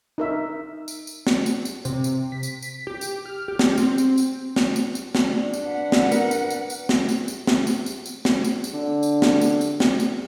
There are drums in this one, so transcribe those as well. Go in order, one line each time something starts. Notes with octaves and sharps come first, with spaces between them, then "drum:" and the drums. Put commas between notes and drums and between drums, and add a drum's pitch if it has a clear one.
D#4 A#4 E5
drum: tambourine
drum: tambourine
drum: snare
drum: tambourine
drum: tambourine
C3, drum: tambourine
drum: tambourine
B6
drum: tambourine
drum: tambourine
G4
drum: tambourine
F6
G4
drum: snare
C4, drum: tambourine
drum: tambourine
drum: tambourine
drum: snare
drum: tambourine
drum: tambourine
drum: snare
D4
drum: tambourine
B4 F#5
drum: snare
A#4, drum: tambourine
drum: tambourine
drum: tambourine
drum: tambourine
drum: snare
drum: tambourine
drum: tambourine
drum: snare
drum: tambourine
drum: tambourine
drum: tambourine
drum: snare
drum: tambourine
drum: tambourine
D3
drum: tambourine
drum: snare
drum: tambourine
drum: tambourine
drum: snare
drum: tambourine